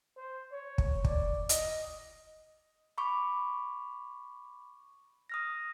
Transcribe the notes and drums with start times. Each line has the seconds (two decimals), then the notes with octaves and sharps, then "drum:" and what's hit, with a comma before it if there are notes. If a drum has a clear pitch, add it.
0.17 C5
0.52 C#5
0.78 drum: kick
1.05 D5, drum: kick
1.49 D#5, drum: hi-hat
2.98 B5 C#6 D6
5.30 D#6 F6 A#6